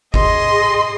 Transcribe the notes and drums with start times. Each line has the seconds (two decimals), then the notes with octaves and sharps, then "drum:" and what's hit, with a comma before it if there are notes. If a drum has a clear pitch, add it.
0.14 G#4 D#5 C6, drum: kick G#1